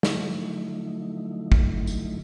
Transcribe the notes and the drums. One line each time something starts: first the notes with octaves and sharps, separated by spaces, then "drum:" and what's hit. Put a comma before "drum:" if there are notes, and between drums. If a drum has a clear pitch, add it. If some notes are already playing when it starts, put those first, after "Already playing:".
D3 F3 F#3 A3 D#4 E4, drum: snare
drum: kick
drum: tambourine